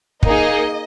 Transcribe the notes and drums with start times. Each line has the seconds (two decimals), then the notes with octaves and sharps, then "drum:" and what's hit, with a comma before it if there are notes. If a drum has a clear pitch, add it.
0.23 A#3 D#4 G#4 D#5, drum: kick